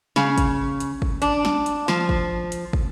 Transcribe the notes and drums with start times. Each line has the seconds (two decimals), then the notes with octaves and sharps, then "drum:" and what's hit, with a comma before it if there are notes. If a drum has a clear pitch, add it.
0.16 C#3, drum: snare
0.38 drum: kick, hi-hat
0.80 drum: hi-hat
1.02 drum: kick
1.22 D4, drum: hi-hat
1.45 drum: snare
1.66 drum: hi-hat
1.88 F3, drum: snare
2.09 drum: kick
2.52 drum: hi-hat
2.73 drum: kick